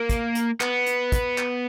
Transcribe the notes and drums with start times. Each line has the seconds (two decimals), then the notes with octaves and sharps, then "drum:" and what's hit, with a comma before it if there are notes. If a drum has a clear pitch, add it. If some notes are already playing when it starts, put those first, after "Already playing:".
Already playing: A#3
0.09 drum: kick, hi-hat
0.35 drum: hi-hat
0.61 B3, drum: clap
0.87 drum: hi-hat
1.12 drum: kick, hi-hat
1.38 drum: clap